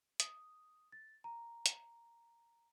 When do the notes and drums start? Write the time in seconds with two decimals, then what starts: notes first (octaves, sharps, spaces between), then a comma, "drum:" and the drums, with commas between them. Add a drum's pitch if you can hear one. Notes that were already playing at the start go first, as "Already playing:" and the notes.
0.20 D#6, drum: hi-hat
0.92 A6
1.24 A#5
1.66 drum: hi-hat